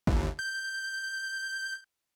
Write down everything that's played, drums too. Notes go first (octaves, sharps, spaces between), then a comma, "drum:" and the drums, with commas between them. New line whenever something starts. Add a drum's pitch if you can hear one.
G1 D#2, drum: kick A1
G6